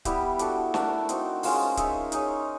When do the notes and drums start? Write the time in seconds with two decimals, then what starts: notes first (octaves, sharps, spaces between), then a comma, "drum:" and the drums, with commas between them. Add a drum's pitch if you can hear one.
0.05 G3 B3 E4 G4, drum: kick C#1, hi-hat
0.39 D4 F#4 A4 D5, drum: hi-hat
0.74 A3 D4 F#4 A#4, drum: snare
1.09 C4 D#4 F#4, drum: hi-hat
1.43 G#3 C#4 F4 A#4, drum: open hi-hat
1.77 D#4 G#4 C#5 E5, drum: kick C#1, hi-hat
2.12 D#4 G#4 C#5, drum: hi-hat